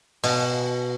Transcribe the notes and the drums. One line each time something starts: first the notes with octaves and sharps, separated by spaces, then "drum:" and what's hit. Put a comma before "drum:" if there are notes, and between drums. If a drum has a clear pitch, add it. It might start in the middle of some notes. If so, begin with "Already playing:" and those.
B2, drum: open hi-hat